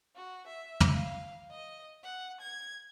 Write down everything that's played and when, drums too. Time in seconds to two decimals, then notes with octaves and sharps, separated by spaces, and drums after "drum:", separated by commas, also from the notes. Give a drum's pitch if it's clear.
0.16 F#4
0.47 E5
0.80 drum: tom
0.93 F5
1.51 D#5
2.03 F#5
2.41 G#6